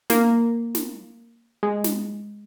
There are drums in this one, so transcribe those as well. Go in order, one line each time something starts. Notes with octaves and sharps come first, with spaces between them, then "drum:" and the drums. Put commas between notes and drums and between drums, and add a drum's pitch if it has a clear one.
A#3, drum: snare
drum: snare
G#3
drum: snare